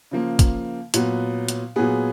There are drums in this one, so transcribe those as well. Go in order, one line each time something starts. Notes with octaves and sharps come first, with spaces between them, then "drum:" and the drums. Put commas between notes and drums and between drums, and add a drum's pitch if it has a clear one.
C#3 F3 A#3
drum: kick, hi-hat
A#2 F#3 B3, drum: hi-hat
drum: hi-hat
A#2 F#3 B3 G#4